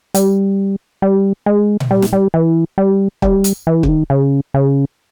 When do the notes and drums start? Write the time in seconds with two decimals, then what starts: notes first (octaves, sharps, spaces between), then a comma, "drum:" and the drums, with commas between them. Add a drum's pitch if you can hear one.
0.14 G3, drum: hi-hat
1.02 G3
1.46 G#3
1.80 drum: tom A#2
1.91 G3
2.02 drum: snare
2.13 G3
2.34 E3
2.78 G3
3.22 G3, drum: kick
3.44 drum: hi-hat
3.67 E3
3.83 C#3, drum: kick
3.88 D#3
4.10 C#3
4.54 C#3